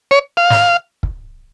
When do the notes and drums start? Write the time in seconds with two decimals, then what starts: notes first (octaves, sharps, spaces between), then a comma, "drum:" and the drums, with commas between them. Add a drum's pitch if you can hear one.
0.11 C#5
0.37 F5
0.50 drum: snare
1.03 drum: kick